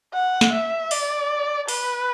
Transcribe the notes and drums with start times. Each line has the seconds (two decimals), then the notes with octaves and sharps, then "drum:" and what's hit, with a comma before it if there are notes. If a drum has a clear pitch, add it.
0.14 F#5
0.41 drum: snare
0.53 E5
0.91 D5, drum: open hi-hat
1.68 B4, drum: open hi-hat